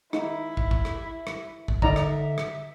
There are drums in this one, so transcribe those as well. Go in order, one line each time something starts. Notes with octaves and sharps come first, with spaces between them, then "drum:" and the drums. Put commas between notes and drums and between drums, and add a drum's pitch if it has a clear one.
D#4 E4, drum: rim click
drum: kick
drum: kick
drum: rim click
drum: rim click
drum: kick
D3 D#4 D5 E5 A#5, drum: kick
drum: rim click
drum: rim click